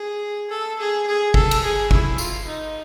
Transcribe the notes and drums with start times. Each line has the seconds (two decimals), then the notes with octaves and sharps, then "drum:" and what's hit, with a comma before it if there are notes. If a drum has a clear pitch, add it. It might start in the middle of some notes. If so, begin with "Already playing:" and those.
Already playing: G#4
0.50 A4
0.79 G#4
1.07 G#4
1.34 A4, drum: kick G1
1.51 drum: cymbal
1.63 G#4
1.91 E4, drum: kick G1
2.18 F4, drum: tambourine
2.47 D#4